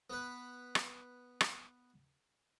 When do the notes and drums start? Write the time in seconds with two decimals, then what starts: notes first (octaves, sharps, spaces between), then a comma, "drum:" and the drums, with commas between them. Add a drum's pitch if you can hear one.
0.10 B3 B4
0.75 drum: rim click
1.41 drum: rim click